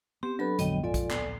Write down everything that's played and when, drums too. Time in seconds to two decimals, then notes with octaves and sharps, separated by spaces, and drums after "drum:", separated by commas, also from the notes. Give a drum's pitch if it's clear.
0.23 B3 C4 G4 C6
0.39 F#3 D4 A4 B4 B5
0.59 A#1 F2 G#2 D3 F#3 B3 D#5 G5, drum: hi-hat
0.84 F4 A4 D5 G#5
0.94 drum: kick, hi-hat
1.11 D1 A#1 B3 C7, drum: clap